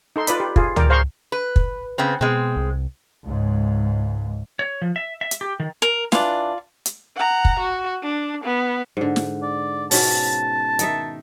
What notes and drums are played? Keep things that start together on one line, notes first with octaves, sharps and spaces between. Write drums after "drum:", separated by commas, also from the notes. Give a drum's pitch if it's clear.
D#4 A4 C6
F4 B4 D5 B5, drum: hi-hat
G4
F4 G#4, drum: kick
A#4 D5 G5, drum: tom C#2
G#4 C5 F5 A#5 C6 C#6
B4
drum: kick
C#3 B3 C4
B2 G#3 C4
C2
C#2 G#2
C#5
F3
E5
E5
drum: hi-hat
G4
D#3
A#4
E3 D4 F4 D5, drum: snare
drum: hi-hat
F#5 A#5
drum: kick
F#4
D4
B3
G#2 D3
drum: snare
D5
G#2 B2 C#4 A5, drum: open hi-hat
D#3 D#4 E5, drum: hi-hat